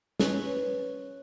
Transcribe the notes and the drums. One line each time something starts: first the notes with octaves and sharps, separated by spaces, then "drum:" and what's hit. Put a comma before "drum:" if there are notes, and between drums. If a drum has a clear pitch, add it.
C#4 B4 C#5, drum: snare